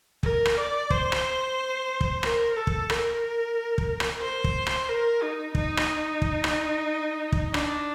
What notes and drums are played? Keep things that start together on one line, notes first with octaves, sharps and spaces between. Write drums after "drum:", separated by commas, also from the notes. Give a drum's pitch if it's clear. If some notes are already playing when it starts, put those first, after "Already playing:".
A#4, drum: kick
drum: rim click
D5
C5, drum: kick
drum: rim click
drum: kick
A#4, drum: rim click
A4
drum: kick
A#4, drum: rim click
drum: kick
drum: rim click
C5
drum: kick
drum: rim click
A#4
D#4
D#4, drum: kick
drum: rim click
drum: kick
drum: rim click
drum: kick
D4, drum: rim click